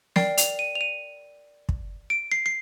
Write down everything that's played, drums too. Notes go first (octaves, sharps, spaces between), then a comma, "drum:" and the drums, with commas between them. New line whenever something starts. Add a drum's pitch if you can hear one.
A#4 D5 G5 C7, drum: snare
F7, drum: hi-hat
D#7
F7
D#7
drum: kick
D7
C7
C7